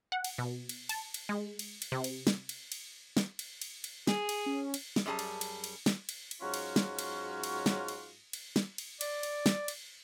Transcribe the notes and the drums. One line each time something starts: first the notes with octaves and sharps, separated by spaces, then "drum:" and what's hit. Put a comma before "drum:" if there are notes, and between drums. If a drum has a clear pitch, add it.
F#5
drum: cymbal
B2
drum: cymbal
A5, drum: cymbal
drum: cymbal
G#3
drum: cymbal
drum: cymbal
C3
drum: cymbal
drum: snare
drum: cymbal
drum: cymbal
drum: snare
drum: cymbal
drum: cymbal
drum: cymbal
G#4, drum: snare
drum: cymbal
C#4
drum: cymbal
drum: snare
F#2 G3 G#4 G#5 A5
drum: cymbal
drum: cymbal
drum: cymbal
drum: snare
drum: cymbal
drum: cymbal
G#2 F#3 C#4 F4 F#4
drum: cymbal
drum: snare
drum: cymbal
drum: cymbal
drum: snare
drum: cymbal
drum: cymbal
drum: snare
drum: cymbal
D5, drum: cymbal
drum: cymbal
drum: snare
drum: cymbal